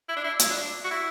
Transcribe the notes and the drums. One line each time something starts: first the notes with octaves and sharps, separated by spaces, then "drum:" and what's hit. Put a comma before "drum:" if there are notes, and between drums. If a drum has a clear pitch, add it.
E4
D4
E4
drum: hi-hat
D4
F#4
E4